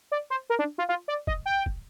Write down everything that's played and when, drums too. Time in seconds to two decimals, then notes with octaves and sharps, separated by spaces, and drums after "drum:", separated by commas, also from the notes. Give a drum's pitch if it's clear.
0.12 D5
0.30 C5
0.50 A#4
0.59 D4
0.78 F4
0.89 F4
1.08 D5
1.27 D#5, drum: kick
1.46 G5
1.66 drum: kick